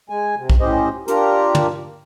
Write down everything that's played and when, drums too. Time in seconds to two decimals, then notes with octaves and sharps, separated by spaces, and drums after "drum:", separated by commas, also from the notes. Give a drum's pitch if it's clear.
0.09 G#3 G#5
0.37 C3
0.50 drum: kick B1
0.60 A2 C#4 G4 C5 D#5
1.08 D4 F4 G4 A#4 A#5, drum: hi-hat
1.55 drum: tom